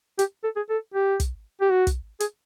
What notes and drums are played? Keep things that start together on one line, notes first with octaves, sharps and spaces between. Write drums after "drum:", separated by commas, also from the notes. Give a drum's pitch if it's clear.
G4, drum: hi-hat
A4
G#4
A4
G4
drum: kick, hi-hat
G4
F#4
drum: kick, hi-hat
G#4, drum: hi-hat